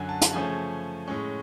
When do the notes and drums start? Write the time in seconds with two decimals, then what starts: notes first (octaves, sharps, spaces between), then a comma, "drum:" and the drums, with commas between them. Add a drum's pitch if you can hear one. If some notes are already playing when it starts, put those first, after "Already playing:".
Already playing: F#2 D3 F#3 G#5
0.09 A5
0.22 drum: hi-hat
0.33 C#3 F3 A3 C#4 G#5
1.08 A2 G#3 C#4